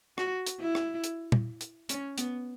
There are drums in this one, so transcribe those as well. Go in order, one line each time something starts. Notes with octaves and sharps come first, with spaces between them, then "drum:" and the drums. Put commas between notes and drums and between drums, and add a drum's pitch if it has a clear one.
F#4, drum: rim click
drum: hi-hat
E4
drum: rim click
drum: hi-hat
drum: tom
drum: hi-hat
C#4, drum: hi-hat
B3, drum: hi-hat